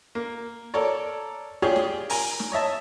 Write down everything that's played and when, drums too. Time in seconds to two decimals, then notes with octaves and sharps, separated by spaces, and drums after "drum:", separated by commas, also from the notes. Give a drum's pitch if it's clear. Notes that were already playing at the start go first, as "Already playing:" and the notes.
0.15 A#3
0.74 A4 A#4 C#5 D5
1.62 F4 G4 G#4 C#5 D5
1.76 drum: snare
2.10 A#4 G#5 A#5, drum: open hi-hat
2.39 drum: snare
2.52 C#5 D#5 E5 A5